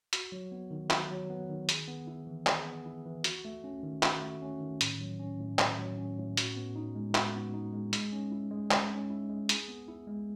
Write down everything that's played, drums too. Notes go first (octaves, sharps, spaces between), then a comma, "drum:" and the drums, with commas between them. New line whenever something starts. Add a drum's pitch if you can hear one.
F#4, drum: hi-hat
F#3
B3
D#3
F#4, drum: clap
F#3
B3
D#3
G#4, drum: hi-hat
B3
E4
E3
G#4, drum: clap
B3
E4
E3
F#4, drum: hi-hat
A3
C#4
D#3
F#4, drum: clap
A3
C#4
D#3
A2, drum: hi-hat
F#3
C#4
A2
A2, drum: clap
F#3
C#4
A2
F#4, drum: hi-hat
B3
D#4
G#3
F#4, drum: clap
B3
D#4
G#3
G#3, drum: hi-hat
C#4
E4
G#3
G#3, drum: clap
C#4
E4
G#3
G#4, drum: hi-hat
B3
E4
G#3